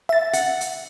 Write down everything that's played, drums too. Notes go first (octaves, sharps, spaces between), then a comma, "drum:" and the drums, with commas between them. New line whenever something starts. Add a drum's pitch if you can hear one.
E5 A6
F#5, drum: hi-hat
drum: hi-hat